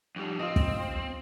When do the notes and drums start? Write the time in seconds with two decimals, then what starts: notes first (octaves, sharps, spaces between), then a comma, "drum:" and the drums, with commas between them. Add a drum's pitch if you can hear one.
0.16 F2 G3
0.39 C4 F4 D#5
0.56 drum: kick